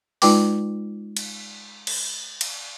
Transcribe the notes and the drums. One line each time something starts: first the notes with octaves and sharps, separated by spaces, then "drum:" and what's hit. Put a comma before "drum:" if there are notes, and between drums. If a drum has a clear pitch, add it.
G#3 D#4 F4 B4 G5 D6, drum: open hi-hat
drum: cymbal
drum: cymbal
drum: cymbal